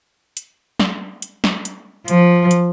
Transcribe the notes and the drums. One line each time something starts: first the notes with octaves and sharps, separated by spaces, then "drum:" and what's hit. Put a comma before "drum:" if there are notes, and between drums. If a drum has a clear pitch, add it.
drum: hi-hat
drum: snare
drum: hi-hat
drum: snare
drum: hi-hat
F3, drum: hi-hat
drum: hi-hat